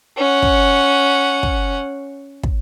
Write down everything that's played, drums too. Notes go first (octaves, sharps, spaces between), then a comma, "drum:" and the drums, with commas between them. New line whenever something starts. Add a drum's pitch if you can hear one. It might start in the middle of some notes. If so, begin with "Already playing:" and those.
C#4 F#5
drum: kick
drum: kick
drum: kick